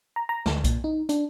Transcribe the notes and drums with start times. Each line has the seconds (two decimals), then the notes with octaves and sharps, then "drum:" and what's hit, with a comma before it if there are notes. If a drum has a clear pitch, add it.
0.16 A#5
0.29 A#5
0.46 D2, drum: snare
0.64 A#2, drum: kick B1, hi-hat
0.84 D#4
1.09 D4, drum: hi-hat